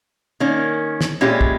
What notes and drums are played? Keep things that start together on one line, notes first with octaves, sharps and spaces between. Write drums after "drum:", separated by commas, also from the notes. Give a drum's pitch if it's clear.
D#3 A#3 C#4
drum: snare
A#2 G#3 C#4 E4 G4
drum: kick